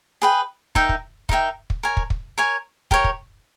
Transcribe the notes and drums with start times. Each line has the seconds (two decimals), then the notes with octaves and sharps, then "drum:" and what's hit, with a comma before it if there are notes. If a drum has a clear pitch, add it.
0.22 G#4 B4 G5
0.75 D#4 A#4 E5 G5, drum: kick
0.89 drum: kick
1.29 D#4 A#4 E5 G5, drum: kick
1.70 drum: kick
1.83 A#4 C#5 G#5
1.97 drum: kick
2.10 drum: kick
2.38 A#4 C#5 G#5
2.91 G4 A#4 C#5, drum: kick
3.04 drum: kick